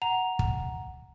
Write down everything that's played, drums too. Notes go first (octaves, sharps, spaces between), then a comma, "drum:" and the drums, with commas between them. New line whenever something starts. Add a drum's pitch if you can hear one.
F#5 A#5 F7
drum: kick